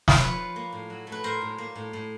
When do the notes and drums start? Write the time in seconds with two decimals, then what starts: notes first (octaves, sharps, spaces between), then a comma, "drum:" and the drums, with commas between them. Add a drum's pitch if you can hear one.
0.08 drum: snare
0.19 F3 B4 C#5
0.38 F3
0.56 A#3
0.73 A2
0.90 F#3
1.07 A3
1.12 B4
1.23 A2 A#4 C5
1.41 A2
1.58 A#3
1.76 A2
1.93 A2